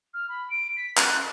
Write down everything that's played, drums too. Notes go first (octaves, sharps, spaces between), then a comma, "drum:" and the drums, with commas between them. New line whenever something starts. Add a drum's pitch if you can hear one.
F6
B5
D7
B6
F#6, drum: clap